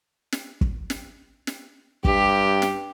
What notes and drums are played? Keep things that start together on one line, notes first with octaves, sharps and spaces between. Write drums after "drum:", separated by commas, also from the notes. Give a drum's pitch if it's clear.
drum: snare
drum: kick
drum: snare
drum: snare
G2 G4, drum: kick
drum: snare